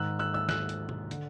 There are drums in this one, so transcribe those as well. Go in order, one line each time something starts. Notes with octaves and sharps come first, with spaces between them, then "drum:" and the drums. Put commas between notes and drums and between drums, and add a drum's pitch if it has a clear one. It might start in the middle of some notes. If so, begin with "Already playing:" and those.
Already playing: G#2 D#3 E6 F#6
E6 F#6
E6 F#6
E6 F#6, drum: snare
drum: hi-hat
drum: tom B2
D3, drum: hi-hat